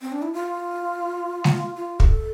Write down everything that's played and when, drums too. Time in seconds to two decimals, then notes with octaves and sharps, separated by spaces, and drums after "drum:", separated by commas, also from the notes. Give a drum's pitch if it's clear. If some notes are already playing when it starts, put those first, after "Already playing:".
0.02 C4
0.12 D4
0.22 E4
0.33 F4
1.44 drum: snare G#3
1.76 F4
2.00 A4, drum: kick